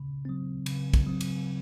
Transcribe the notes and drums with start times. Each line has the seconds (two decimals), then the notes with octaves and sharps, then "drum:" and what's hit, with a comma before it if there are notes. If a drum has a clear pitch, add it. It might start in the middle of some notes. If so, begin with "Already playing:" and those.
Already playing: C#3
0.25 F#3 C4
0.66 C#3, drum: cymbal
0.93 drum: kick, cymbal
1.06 F#3 C4
1.21 drum: cymbal